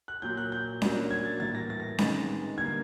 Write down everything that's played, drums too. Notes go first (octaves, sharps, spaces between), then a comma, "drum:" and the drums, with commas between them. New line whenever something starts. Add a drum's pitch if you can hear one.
F#6
A#2 F#3 A#3 G6
F#6
G6
F#3 A#3 D4, drum: snare C#4
G#6
A6
A2 E3 G3 A#3 A6
A#6
A6
A#6
C3 D#3 G#3 B3 A6, drum: snare C#4
D3 G3 A#3 G#6